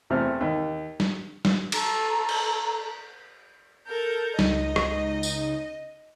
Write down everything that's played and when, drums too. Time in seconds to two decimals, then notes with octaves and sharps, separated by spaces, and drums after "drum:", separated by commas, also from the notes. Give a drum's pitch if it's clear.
0.10 E2 C3 A3 C4 F6
0.41 D#2
1.00 drum: snare
1.45 drum: snare
1.72 A4 A#5, drum: cymbal
2.29 drum: cymbal
3.87 A4 A#4 G6
4.39 C#2 D#4 D#5, drum: snare
4.76 drum: rim click
5.23 drum: tambourine